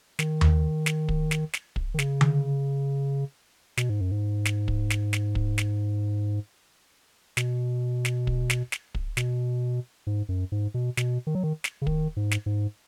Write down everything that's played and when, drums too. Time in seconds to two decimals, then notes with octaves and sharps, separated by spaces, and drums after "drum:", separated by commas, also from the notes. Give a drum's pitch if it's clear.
0.19 D#3, drum: snare
0.41 drum: tom D#2
0.86 drum: snare
1.09 drum: kick
1.31 drum: snare
1.53 drum: snare
1.76 drum: kick
1.94 D#3
1.99 C#3, drum: snare
2.21 drum: tom D3
3.77 B2, drum: snare
3.89 G#2
4.01 F#2
4.11 G#2
4.45 drum: snare
4.68 drum: kick
4.90 drum: snare
5.13 drum: snare
5.35 drum: kick
5.58 drum: snare
7.37 B2, drum: snare
8.05 drum: snare
8.27 drum: kick
8.50 drum: snare
8.72 drum: snare
8.95 drum: kick
9.17 B2, drum: snare
10.07 G#2
10.29 F#2
10.52 G#2
10.74 B2
10.97 B2, drum: snare
11.27 D#3
11.35 F#3
11.43 D#3
11.64 drum: snare
11.82 C#3
11.87 D#3, drum: kick
12.17 G#2
12.31 drum: snare
12.46 G#2